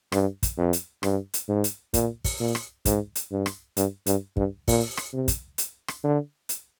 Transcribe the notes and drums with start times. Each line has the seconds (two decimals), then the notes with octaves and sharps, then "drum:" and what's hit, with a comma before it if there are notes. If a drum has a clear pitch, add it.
0.12 G2, drum: rim click
0.43 drum: kick, hi-hat
0.58 F2
0.73 drum: hi-hat
1.03 G2, drum: rim click
1.34 drum: hi-hat
1.49 G#2
1.64 drum: hi-hat
1.94 A#2, drum: kick, hi-hat
2.25 drum: kick, open hi-hat
2.40 A#2
2.55 drum: rim click
2.85 G#2, drum: kick, hi-hat
3.15 drum: hi-hat
3.31 G2
3.46 drum: rim click
3.77 G2, drum: hi-hat
4.06 G2, drum: hi-hat
4.37 G2, drum: kick
4.68 A#2, drum: kick, open hi-hat
4.97 drum: rim click
5.13 C3
5.28 drum: kick, hi-hat
5.58 drum: hi-hat
5.88 drum: rim click
6.04 D3
6.49 drum: hi-hat